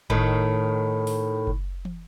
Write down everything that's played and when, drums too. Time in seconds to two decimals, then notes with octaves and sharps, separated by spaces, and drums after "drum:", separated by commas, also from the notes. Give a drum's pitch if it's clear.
0.10 A2 D#3, drum: kick F#1
1.07 drum: open hi-hat
1.47 drum: kick F#1
1.85 drum: tom